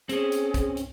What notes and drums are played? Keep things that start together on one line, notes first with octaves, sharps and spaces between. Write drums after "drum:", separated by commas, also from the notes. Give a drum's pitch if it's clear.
C4 C#4 G#4, drum: hi-hat
drum: hi-hat
drum: kick, hi-hat
drum: hi-hat